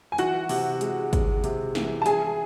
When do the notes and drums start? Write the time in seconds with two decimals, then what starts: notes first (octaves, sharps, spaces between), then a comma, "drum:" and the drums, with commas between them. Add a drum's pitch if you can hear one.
0.12 G#5
0.18 E3 F#4 F#5, drum: hi-hat
0.49 C3, drum: open hi-hat
0.81 G#3, drum: hi-hat
1.13 G#3, drum: kick, hi-hat
1.44 C3, drum: hi-hat
1.75 E3, drum: snare
2.02 A5
2.06 E4 G#4 G#5, drum: hi-hat